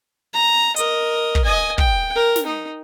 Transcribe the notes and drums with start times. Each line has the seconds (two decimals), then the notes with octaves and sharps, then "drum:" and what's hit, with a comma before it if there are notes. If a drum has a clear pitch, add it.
0.34 A#5
0.76 A#4 D#5, drum: hi-hat
1.35 drum: kick
1.44 D#5 G#5
1.78 G5, drum: kick
2.16 A#4
2.36 drum: snare
2.46 D#4